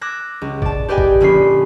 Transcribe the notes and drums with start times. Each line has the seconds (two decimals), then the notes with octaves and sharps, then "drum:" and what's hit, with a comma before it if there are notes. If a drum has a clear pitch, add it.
0.01 D6 E6 F#6 G#6 A#6
0.41 C#2
0.62 D5 A5, drum: kick
0.88 G4 B4 D5 D#5 G5 G#5
0.98 drum: kick
1.21 A#1 D3 C#4 B5 C7